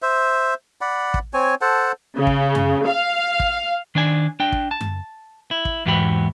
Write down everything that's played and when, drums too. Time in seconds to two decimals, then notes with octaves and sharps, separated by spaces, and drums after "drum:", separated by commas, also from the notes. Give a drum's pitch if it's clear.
0.02 C5 E5
0.81 D5 F#5 B5
1.14 drum: kick
1.34 C4 C#5 G#5
1.61 A4 C5 F#5 A5
2.16 C#3
2.27 drum: kick
2.55 drum: tom F#2
2.85 F5
3.40 drum: kick
3.95 D#3 D4 D5 G#5
4.40 D4 G5
4.52 drum: kick
4.71 A5
4.81 drum: tom F#2
5.51 E4
5.65 drum: kick
5.86 E2 G#2 E3 F#4 G4 B5